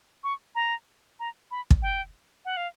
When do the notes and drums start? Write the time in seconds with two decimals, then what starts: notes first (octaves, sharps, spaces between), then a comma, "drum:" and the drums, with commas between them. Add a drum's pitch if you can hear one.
0.24 C#6
0.55 A#5
1.20 A#5
1.51 B5
1.71 drum: kick
1.82 G5
2.45 F#5
2.57 F5